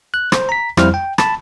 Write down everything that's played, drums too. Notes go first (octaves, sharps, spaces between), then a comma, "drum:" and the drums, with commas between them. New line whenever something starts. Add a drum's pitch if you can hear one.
F#6
C5, drum: rim click
A#5 B6
F2 G3 E4 C5 F6, drum: rim click
G5
A5 B5, drum: rim click